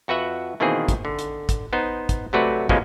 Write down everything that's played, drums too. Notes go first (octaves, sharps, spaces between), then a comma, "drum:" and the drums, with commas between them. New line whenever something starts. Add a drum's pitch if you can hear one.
F2 F#4 B4 E5 F#5
B2 D#3 E3 A#3 C4 G#4
drum: kick, hi-hat
D3
drum: hi-hat
drum: kick, hi-hat
B3 D#4 C5
drum: kick, hi-hat
C3 F#3 A3 F#4 B4 D5
B2 D3 F3 G#3 A#3 C#4, drum: kick